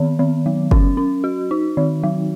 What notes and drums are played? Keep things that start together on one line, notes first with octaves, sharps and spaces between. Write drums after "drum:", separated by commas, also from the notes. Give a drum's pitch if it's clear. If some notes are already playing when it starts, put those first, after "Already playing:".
Already playing: D#3 B3
D#3
F#3
C#4, drum: kick F#1
C#4
F#4
D#4
D#3
F#3